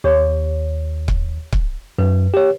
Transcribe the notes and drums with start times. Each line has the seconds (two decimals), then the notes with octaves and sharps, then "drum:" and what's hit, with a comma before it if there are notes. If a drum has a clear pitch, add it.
0.04 D#2 G4 C#5
1.08 drum: kick C#1
1.53 drum: kick C#1
1.98 F#2 B4
2.34 G4 C#5